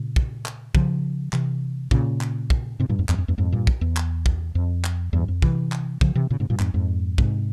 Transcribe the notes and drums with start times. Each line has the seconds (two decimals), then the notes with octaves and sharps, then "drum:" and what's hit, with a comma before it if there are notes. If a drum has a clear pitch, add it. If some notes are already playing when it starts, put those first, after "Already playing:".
Already playing: A#2 C#3
0.16 drum: kick
0.46 drum: clap
0.75 C#3 F3, drum: kick
1.33 C3 E3, drum: clap
1.91 A#2 C#3, drum: kick
2.21 drum: clap
2.50 drum: kick
2.80 G#2 C3
2.89 G2 A#2
2.99 F2 G#2
3.09 E2 G2, drum: clap
3.18 F2
3.28 E2 G2
3.38 F2 G#2
3.52 G2 A#2
3.67 drum: kick
3.81 E2
3.96 drum: clap
4.26 drum: kick
4.55 F2
4.84 drum: clap
5.13 E2 G2
5.28 F2
5.42 C3 E3, drum: kick
5.72 drum: clap
6.01 C#3 F3, drum: kick
6.15 C3 E3
6.30 A#2 C#3
6.40 G#2 C3
6.50 G2 A#2
6.59 F2 G#2, drum: clap
6.74 F2 G#2
7.18 G#2 C3, drum: kick